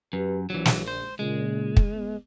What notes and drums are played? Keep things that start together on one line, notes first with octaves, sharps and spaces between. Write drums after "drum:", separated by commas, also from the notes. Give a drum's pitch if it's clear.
F#2 G4 B4
A#1 E3 F#3
drum: snare
C5
A#2 C#3 G#3
drum: kick
B3